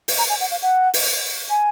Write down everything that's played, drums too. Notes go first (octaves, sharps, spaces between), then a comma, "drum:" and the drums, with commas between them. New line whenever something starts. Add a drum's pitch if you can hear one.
drum: open hi-hat
A#5
G#5
F#5
F5
F#5
drum: open hi-hat
G#5